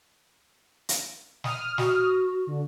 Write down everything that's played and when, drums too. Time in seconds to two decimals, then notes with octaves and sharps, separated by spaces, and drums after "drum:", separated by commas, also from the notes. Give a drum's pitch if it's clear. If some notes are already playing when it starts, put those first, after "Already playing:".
0.89 drum: hi-hat
1.44 D#6 F6, drum: snare
1.78 F#4, drum: snare
2.47 D3